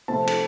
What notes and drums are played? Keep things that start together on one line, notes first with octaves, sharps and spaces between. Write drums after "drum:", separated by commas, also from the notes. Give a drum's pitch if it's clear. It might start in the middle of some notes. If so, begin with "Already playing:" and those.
C3 F3 A3 C4 A5
drum: cymbal